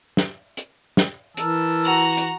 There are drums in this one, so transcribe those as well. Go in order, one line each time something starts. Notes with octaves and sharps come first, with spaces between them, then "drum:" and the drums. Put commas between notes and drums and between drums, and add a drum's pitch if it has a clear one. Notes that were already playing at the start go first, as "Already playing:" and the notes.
drum: snare
drum: hi-hat
drum: snare
E3 A#4 A5 E6, drum: hi-hat
F#4 A#5
drum: hi-hat